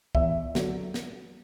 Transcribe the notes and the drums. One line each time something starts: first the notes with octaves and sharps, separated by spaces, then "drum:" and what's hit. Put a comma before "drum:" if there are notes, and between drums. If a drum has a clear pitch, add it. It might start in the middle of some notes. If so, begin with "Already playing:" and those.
E2 E5, drum: kick
D3 F#3, drum: snare
drum: snare